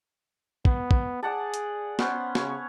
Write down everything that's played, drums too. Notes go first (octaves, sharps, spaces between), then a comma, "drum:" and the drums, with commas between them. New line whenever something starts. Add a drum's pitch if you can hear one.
B3, drum: kick
drum: kick
G#4 D5 F#5 A5
drum: hi-hat
B3 C#4 C5, drum: snare
C#3 C#5, drum: snare